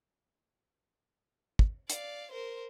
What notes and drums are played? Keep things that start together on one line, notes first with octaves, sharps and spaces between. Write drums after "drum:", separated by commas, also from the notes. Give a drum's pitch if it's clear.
drum: kick
D5 F5, drum: hi-hat
A#4 C5